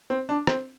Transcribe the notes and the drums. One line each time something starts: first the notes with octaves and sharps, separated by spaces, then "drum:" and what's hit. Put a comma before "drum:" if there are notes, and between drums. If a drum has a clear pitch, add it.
C4
D4
C4, drum: rim click